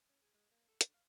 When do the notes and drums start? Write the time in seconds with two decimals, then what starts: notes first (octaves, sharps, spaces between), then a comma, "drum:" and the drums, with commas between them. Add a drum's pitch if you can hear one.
0.09 C#4
0.22 G#4
0.34 G#3
0.51 A#3
0.68 A4
0.81 D3, drum: hi-hat
0.94 F5